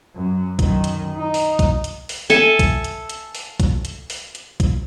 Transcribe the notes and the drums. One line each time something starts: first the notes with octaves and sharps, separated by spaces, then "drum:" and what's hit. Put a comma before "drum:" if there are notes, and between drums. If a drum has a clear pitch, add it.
F#2
F#2 D#3, drum: kick B1, hi-hat
drum: hi-hat
D#4
drum: open hi-hat
drum: kick B1, hi-hat
drum: hi-hat
drum: open hi-hat
A4 E5 G#5 A5
drum: kick B1, hi-hat
drum: hi-hat
drum: hi-hat
drum: open hi-hat
drum: kick B1, hi-hat
drum: hi-hat
drum: open hi-hat
drum: hi-hat
drum: kick B1, hi-hat